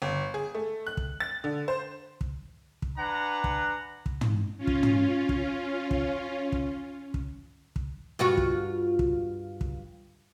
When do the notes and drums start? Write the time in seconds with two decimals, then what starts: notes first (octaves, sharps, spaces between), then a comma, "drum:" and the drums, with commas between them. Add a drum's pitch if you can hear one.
0.02 G1
0.34 G#4
0.54 A3
0.86 F#6
0.97 drum: kick
1.20 A6
1.44 D3
1.68 C5
2.21 drum: kick
2.82 drum: kick
2.98 D4 B4 F#5 G#5 A#5
3.44 drum: kick
4.06 drum: kick
4.21 drum: tom
4.58 C#4 F4
4.67 drum: kick
4.83 drum: tom
5.29 drum: kick
5.91 drum: kick
6.52 drum: kick
7.14 drum: kick
7.76 drum: kick
8.19 G2 F4 F#4
8.37 drum: kick
8.99 drum: kick
9.61 drum: kick